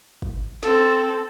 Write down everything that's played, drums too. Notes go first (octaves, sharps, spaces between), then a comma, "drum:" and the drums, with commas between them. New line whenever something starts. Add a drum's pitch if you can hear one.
drum: kick
C4 A4, drum: snare